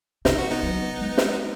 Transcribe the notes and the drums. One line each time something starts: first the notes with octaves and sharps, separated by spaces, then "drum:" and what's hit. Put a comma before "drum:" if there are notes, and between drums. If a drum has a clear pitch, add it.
C#3 D#4, drum: snare
F#4
B3 D#4
F#3
G#3
drum: snare